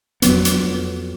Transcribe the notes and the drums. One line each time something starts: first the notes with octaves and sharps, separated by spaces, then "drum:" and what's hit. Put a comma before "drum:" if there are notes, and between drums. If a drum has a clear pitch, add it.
F2 F#3 B3, drum: hi-hat
drum: hi-hat